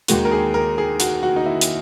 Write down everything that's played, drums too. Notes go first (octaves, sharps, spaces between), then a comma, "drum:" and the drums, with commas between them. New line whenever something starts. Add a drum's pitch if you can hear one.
D#2 D#3 G#3 F#4, drum: hi-hat
A#4
G#4
A#4
G#4
F#4, drum: hi-hat
F#4
D#4
E4
drum: hi-hat